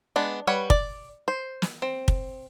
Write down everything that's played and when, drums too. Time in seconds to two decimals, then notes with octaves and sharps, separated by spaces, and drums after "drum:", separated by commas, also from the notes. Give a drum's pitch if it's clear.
0.16 G#3 B3 D4
0.47 G3 B4 C#5 F#5
0.70 D5, drum: kick
1.28 C5
1.62 drum: snare
1.82 C4
2.08 drum: kick